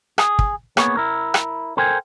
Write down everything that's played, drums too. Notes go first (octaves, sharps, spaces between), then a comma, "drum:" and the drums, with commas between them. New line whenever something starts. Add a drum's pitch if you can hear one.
G#4, drum: rim click
drum: kick
A#3 B3 G#4 C#5, drum: rim click
E4 A#4
drum: rim click
A4 A#4 C5 G5 G#5